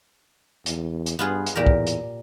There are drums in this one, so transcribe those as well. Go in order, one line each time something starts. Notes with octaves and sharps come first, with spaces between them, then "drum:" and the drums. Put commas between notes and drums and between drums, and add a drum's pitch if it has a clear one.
E2, drum: hi-hat
drum: hi-hat
G2 B3 F4 G#4
drum: hi-hat
E2 A#2 G4 A#4
drum: kick
drum: hi-hat